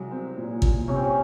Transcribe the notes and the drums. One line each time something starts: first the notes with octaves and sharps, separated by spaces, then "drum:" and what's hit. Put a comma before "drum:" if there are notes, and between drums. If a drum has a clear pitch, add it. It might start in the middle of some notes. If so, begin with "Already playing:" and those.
Already playing: C2 F#3 G#3
C4
A#2
A#2, drum: kick
C3 C#4
C4
C#4